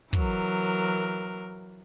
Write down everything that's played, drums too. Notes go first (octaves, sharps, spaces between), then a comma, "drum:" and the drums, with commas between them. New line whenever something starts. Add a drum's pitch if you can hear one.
E3 F#3 A#4, drum: kick